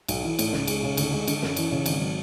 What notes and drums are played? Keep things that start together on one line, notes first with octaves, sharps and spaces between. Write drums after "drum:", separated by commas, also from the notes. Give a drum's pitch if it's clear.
B1, drum: cymbal
E3
A2, drum: cymbal
C#2, drum: snare
G#3, drum: cymbal
C#3
D2, drum: cymbal
G#3
D3, drum: cymbal
F#2, drum: snare
E3, drum: cymbal
C#3
G#1, drum: cymbal
F#3